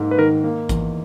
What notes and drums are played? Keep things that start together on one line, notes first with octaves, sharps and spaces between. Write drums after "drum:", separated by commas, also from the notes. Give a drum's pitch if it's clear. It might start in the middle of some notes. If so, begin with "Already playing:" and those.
Already playing: G#2 A#3
B4
D#3 A#4
A#3
E2, drum: kick A1, hi-hat